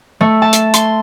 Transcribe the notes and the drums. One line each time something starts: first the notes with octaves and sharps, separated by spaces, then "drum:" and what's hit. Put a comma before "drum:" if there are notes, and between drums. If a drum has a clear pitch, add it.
A3
A5
drum: hi-hat
C6, drum: hi-hat